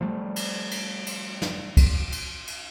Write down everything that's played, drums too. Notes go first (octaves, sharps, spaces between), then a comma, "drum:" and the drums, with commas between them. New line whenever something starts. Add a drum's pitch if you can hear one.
F3 G3 A3
drum: cymbal
drum: cymbal
drum: cymbal
drum: snare
drum: kick, cymbal
drum: cymbal
drum: cymbal